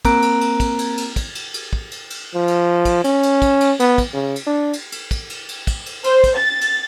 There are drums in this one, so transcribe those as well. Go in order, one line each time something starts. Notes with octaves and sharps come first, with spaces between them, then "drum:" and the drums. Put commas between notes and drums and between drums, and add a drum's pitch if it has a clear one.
A#3 C4 A#4 A#5 F#6 D7, drum: kick, cymbal
drum: cymbal
drum: cymbal
drum: kick, cymbal
drum: cymbal
drum: cymbal
drum: kick, cymbal
drum: cymbal
drum: cymbal
drum: kick
drum: cymbal
drum: cymbal
F3
drum: cymbal
drum: kick, cymbal
C#4, drum: cymbal
drum: cymbal
drum: kick, cymbal
drum: cymbal
B3, drum: cymbal
drum: kick, cymbal
C#3
drum: cymbal
D4
drum: cymbal
drum: cymbal
drum: kick, cymbal
drum: cymbal
drum: cymbal
drum: kick, cymbal
drum: cymbal
C5, drum: cymbal
drum: kick, cymbal
A6
drum: cymbal